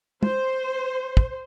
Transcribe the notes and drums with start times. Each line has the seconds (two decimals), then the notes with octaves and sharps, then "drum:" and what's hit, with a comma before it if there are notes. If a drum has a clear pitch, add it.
0.23 C5, drum: tom
1.17 drum: kick